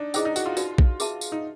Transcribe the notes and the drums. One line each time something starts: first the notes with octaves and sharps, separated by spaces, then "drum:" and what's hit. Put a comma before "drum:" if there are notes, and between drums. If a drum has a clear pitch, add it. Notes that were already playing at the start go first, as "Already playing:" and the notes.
Already playing: D4 D#4
D#4 E4 G#4 C5 D#5 G5, drum: tambourine
D#4
F#4, drum: tambourine
F4
D#4 F#4 B4 D5, drum: tambourine
drum: kick A#1
G#4 B4 E5 A5, drum: tambourine
drum: tambourine
D#4